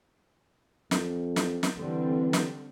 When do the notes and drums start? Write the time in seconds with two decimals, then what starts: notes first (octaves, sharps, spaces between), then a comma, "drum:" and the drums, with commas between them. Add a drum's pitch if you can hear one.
0.91 F2, drum: snare
1.36 drum: snare
1.63 drum: snare
1.77 D3 E3 G3 C4
2.33 drum: snare